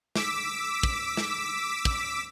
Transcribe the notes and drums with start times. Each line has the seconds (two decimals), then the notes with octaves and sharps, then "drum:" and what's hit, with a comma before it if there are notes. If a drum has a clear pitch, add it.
0.15 D6 E6 B6, drum: snare
0.83 drum: kick
1.17 drum: snare
1.85 drum: kick